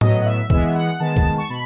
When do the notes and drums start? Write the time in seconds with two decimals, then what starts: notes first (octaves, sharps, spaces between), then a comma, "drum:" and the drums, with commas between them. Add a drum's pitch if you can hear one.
0.01 A2 F#3 B3 D#5, drum: tom
0.21 F#5
0.26 E5
0.50 E3 G#3 B3 E5, drum: kick C2
0.75 F#5
1.00 D#3 G#3 B3 A5
1.16 drum: kick C2
1.38 C#6
1.49 B2 B5